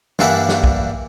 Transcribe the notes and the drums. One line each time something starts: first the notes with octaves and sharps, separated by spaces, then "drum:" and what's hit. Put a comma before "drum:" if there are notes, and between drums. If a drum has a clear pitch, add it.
G2 E3 A#3 D4 E5 F#5, drum: snare
drum: snare
drum: kick